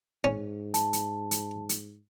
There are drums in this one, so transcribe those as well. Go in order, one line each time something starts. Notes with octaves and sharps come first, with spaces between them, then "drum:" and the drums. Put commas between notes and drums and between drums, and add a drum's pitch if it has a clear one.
G#2 C#4
A5, drum: hi-hat
drum: hi-hat
drum: hi-hat
drum: hi-hat